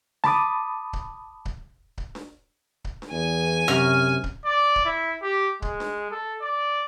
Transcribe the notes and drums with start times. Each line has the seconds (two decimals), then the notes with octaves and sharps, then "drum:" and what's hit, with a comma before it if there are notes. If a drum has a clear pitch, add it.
0.24 A5 B5 D6 D#6, drum: snare D4
0.93 drum: kick C#1
1.45 drum: kick C#1
1.98 drum: kick C#1
2.15 drum: snare D4
2.84 drum: kick C#1
3.02 drum: snare D4
3.12 E2 G#5
3.68 F#2 C3 F6
4.24 drum: kick C#1
4.45 D5
4.76 drum: kick C#1
4.85 E4
5.22 G4
5.62 G#3, drum: kick C#1
5.80 drum: snare D4
6.11 A4
6.41 D5